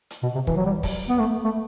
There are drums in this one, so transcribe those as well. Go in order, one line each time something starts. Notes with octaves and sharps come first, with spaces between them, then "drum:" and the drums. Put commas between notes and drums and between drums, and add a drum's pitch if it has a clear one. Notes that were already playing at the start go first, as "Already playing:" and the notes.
drum: hi-hat
B2
C3
E3, drum: kick
F#3
G3
drum: kick, open hi-hat
B3
A3
A3